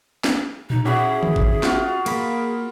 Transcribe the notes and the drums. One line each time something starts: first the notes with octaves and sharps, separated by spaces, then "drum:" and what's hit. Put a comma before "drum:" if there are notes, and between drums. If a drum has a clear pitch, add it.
drum: snare
D#4, drum: tom A#2
C#4 E4 F#4 G#4 B5 D6
drum: tom D3
drum: kick G1
F4 F#4 F5, drum: snare
A#3 B5, drum: cymbal